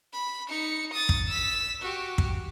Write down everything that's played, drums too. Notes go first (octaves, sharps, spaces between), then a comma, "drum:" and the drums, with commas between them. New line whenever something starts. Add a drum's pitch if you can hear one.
B5
D#4 C#7
D#6 A6
drum: kick
E6 B6
F#4 G4
drum: kick